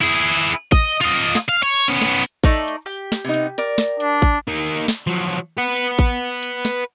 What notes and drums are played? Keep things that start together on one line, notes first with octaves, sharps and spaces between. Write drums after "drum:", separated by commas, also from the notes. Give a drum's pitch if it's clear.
E4 G#4
drum: hi-hat
D#5, drum: kick A1, hi-hat
F4 D#5
drum: hi-hat
drum: snare
F5
C#5
B3 C#4
drum: snare
drum: hi-hat
A3 D#4 D5, drum: kick A1, hi-hat
drum: hi-hat
G4
drum: snare
C3 B3 D#4
drum: hi-hat
A#4 D5, drum: hi-hat
drum: snare
D4, drum: hi-hat
drum: kick A1, hi-hat
A#3 D#4
drum: hi-hat
drum: snare
F3 F#3
drum: hi-hat
B4 F#5
drum: hi-hat
drum: kick A1, hi-hat
drum: hi-hat
drum: snare